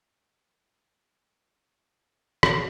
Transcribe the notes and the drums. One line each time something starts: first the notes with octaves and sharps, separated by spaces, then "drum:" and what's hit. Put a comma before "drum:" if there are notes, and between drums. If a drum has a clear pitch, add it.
B3 C4 F4 A4
drum: rim click